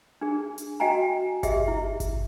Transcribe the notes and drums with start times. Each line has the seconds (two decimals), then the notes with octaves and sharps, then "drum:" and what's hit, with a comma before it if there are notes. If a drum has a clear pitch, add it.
0.21 D4 G#4
0.58 drum: hi-hat
0.80 F#4 D#5 G5 G#5 A#5
1.43 G4 G#4 D#5 E5, drum: kick G1, hi-hat
1.68 E4
2.00 drum: kick G1, hi-hat